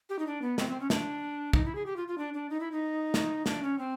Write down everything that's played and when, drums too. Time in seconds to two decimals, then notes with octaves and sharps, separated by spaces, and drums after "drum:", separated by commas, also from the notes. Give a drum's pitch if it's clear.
0.10 G4
0.19 D#4
0.27 D4
0.42 B3
0.58 C4, drum: snare
0.69 C4
0.80 C#4
0.90 D4, drum: snare
1.53 D#4, drum: kick
1.65 E4
1.75 G#4
1.86 G4
1.96 F4
2.08 F4
2.18 D4
2.34 D4
2.50 D#4
2.60 E4
2.72 D#4
3.14 drum: snare
3.46 D4, drum: snare
3.63 C#4
3.78 C4